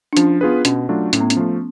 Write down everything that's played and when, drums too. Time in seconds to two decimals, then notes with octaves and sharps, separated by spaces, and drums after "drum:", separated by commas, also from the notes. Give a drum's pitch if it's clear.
0.13 D4
0.17 F3 C#4, drum: hi-hat
0.41 B3 F4 G#4 B4
0.65 B2 C#4, drum: hi-hat
0.89 F#3 A3 D4 F4
1.13 A2 C#4, drum: hi-hat
1.21 B3
1.30 C#4, drum: hi-hat
1.37 F3 A3